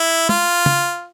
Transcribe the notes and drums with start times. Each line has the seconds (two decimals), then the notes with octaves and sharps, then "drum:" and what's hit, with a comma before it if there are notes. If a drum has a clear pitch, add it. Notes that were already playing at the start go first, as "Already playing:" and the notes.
Already playing: E4
0.29 F4, drum: tom
0.66 drum: tom